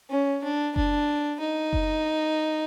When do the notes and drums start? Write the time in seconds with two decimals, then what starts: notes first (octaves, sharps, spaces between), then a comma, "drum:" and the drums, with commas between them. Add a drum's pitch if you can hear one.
0.10 C#4
0.43 D4
0.76 D4, drum: kick F#1
1.40 D#4
1.73 drum: kick F#1